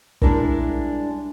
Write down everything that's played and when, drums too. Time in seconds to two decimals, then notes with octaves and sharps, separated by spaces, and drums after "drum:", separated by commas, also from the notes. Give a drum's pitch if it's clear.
0.22 G3 G#3 D4 E4 A#4, drum: kick